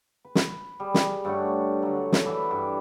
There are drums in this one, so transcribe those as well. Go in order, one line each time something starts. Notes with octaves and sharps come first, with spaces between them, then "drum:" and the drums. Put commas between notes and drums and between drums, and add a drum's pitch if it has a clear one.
B4
drum: snare
G3 G#4
drum: snare
G2 A3 C#4 F#5
D3 F#3
drum: snare
E3 D5 E5 F#5
G2